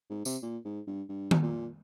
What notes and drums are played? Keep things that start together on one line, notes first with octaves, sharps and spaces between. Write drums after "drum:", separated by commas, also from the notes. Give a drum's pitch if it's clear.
G#2
C3, drum: tambourine
A#2
G#2
G2
G2
drum: tom D#3
A#2